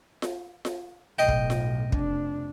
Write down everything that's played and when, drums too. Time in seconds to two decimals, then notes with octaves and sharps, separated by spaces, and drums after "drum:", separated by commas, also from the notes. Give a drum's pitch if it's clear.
0.22 drum: snare F4
0.65 drum: snare F4
1.19 B1 A2 D#5 G5
1.29 drum: kick
1.50 drum: snare F4
1.92 F1 D4, drum: kick